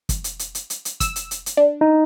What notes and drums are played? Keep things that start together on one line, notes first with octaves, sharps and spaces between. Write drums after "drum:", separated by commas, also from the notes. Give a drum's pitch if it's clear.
drum: kick, hi-hat
drum: hi-hat
drum: hi-hat
drum: hi-hat
drum: hi-hat
drum: hi-hat
E6, drum: kick, hi-hat
drum: hi-hat
drum: hi-hat
drum: hi-hat
D4
D#4